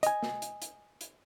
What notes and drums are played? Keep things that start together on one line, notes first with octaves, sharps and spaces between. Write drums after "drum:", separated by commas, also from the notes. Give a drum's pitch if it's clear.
D#5 G#5, drum: hi-hat
drum: snare
drum: hi-hat
drum: hi-hat
drum: hi-hat